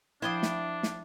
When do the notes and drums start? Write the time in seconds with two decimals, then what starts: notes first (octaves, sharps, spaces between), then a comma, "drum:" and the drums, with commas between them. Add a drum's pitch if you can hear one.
0.22 F3 D4 E4 C5 G5 D#6 G#6
0.43 drum: snare
0.83 drum: snare